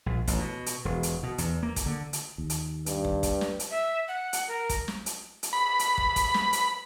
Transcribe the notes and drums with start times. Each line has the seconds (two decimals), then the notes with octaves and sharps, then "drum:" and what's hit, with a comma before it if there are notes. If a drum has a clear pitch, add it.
0.06 A#1
0.27 A1, drum: kick, hi-hat
0.39 B2
0.66 drum: hi-hat
0.85 E1
1.03 drum: hi-hat
1.23 B2
1.38 E2, drum: hi-hat
1.63 A#3
1.76 drum: kick, hi-hat
1.86 D3
2.13 drum: hi-hat
2.38 D#2
2.50 drum: hi-hat
2.86 G2, drum: hi-hat
3.05 drum: kick
3.23 drum: kick, hi-hat
3.41 drum: snare
3.60 drum: hi-hat
3.71 E5
4.08 F#5
4.33 drum: hi-hat
4.48 A#4
4.69 drum: kick, hi-hat
4.88 drum: snare
5.06 drum: hi-hat
5.43 drum: hi-hat
5.53 B5
5.79 drum: hi-hat
5.98 drum: kick
6.16 drum: kick, hi-hat
6.34 drum: snare
6.53 drum: hi-hat